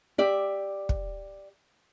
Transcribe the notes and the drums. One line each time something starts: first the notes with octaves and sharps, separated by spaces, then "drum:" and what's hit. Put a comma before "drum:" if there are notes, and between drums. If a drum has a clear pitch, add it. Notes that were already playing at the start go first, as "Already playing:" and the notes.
G4 D5 E5
drum: kick